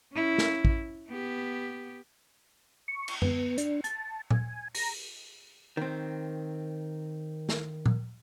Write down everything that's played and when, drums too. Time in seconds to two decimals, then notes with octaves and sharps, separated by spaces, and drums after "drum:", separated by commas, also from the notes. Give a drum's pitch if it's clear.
0.13 C#4 E4
0.38 drum: snare
0.65 drum: kick
1.09 B3 G4
2.88 C#6
3.08 drum: cymbal
3.22 B3, drum: tom F#2
3.58 D4, drum: hi-hat
3.84 A5, drum: hi-hat
4.30 G#5, drum: tom A#2
4.75 A#5, drum: open hi-hat
5.77 D#3 C4
7.49 drum: snare
7.86 drum: tom A#2